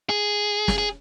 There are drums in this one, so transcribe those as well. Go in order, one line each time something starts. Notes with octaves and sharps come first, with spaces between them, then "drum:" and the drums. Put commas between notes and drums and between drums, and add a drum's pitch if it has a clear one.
G#4
drum: snare
G#4